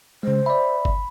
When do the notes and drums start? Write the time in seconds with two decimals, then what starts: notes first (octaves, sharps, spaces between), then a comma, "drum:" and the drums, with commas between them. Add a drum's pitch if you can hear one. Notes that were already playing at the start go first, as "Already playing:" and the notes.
0.23 C#3 G#3 C5
0.46 D5 E5 B5
0.85 drum: kick G1